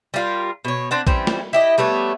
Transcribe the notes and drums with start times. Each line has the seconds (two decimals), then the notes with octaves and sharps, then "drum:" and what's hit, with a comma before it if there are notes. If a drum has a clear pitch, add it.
0.14 G3 F4 A#4
0.65 B2 C#5
0.91 C4 D4 F#5
1.07 E3 G3 C4 C#4, drum: kick A#1
1.27 drum: snare
1.53 E4 G4 D#5
1.78 G3 A3 B3 C#5